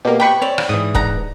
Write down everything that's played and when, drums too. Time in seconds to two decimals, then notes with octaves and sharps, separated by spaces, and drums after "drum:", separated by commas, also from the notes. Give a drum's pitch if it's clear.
0.05 B2 A#3 G4
0.20 C3 G4 B4 G5 B5 C#6
0.42 C4 C#5 D5
0.58 drum: rim click
0.69 G#2 E3 D#6
0.95 D4 F#5 A#5, drum: kick E1